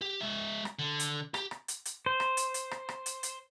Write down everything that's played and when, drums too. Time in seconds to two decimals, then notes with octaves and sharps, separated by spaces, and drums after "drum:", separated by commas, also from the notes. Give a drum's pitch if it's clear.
0.01 G4
0.21 G#3 E5
0.65 drum: rim click
0.79 D3
1.00 drum: hi-hat
1.34 G4, drum: rim click
1.51 drum: rim click
1.68 drum: hi-hat
1.85 drum: hi-hat
2.06 C5
2.20 drum: rim click
2.37 drum: hi-hat
2.54 drum: hi-hat
2.71 drum: rim click
2.89 drum: rim click
3.06 drum: hi-hat
3.23 drum: hi-hat